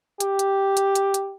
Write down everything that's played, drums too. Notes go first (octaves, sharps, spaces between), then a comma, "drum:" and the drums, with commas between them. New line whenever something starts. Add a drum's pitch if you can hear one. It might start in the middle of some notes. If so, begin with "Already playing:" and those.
G4, drum: hi-hat
drum: hi-hat
drum: hi-hat
drum: hi-hat
drum: hi-hat